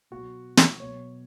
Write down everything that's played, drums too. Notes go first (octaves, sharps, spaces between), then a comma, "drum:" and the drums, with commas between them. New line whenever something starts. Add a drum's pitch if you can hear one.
B2 F#3 F#4
drum: snare
B2 F#3 C#5